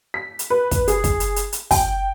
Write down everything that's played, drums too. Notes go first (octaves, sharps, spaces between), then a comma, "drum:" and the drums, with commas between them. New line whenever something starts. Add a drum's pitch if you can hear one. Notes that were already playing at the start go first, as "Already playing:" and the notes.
B6
drum: hi-hat
B4
drum: kick, hi-hat
G#4, drum: hi-hat
drum: kick, hi-hat
drum: hi-hat
drum: hi-hat
drum: hi-hat
G5, drum: kick, open hi-hat